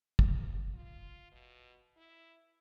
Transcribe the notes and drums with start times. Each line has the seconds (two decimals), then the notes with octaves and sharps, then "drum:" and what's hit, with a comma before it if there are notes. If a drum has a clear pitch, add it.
0.19 F2, drum: kick
0.74 F4
1.32 B2
1.97 E4